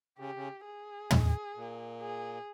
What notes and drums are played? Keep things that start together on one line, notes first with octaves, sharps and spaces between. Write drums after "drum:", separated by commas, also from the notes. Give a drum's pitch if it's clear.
C#3 G4
C#3
G#4
drum: tom
A#2
G#4